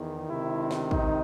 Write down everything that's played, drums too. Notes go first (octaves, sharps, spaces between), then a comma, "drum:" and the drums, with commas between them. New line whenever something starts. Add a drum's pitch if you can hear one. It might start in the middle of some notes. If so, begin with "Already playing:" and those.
Already playing: E2 D#3
C#2 C3 D#3 E4
drum: snare
D#4, drum: kick